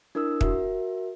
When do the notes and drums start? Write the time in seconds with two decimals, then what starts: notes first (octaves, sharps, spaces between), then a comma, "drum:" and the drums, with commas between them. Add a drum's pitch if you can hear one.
0.15 D4 E4 A#4 D#6 E6
0.41 F#4 A#4 E5, drum: kick